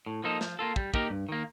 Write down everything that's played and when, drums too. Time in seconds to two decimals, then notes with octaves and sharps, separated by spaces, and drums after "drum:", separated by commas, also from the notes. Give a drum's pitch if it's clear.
0.06 A2
0.24 F3 A#3 D#4 A4
0.41 F3, drum: snare
0.59 A#3 F4 A4
0.76 G3, drum: kick
0.94 A#3 D#4 G4 A#4, drum: kick
1.10 G2
1.29 D#3 A#3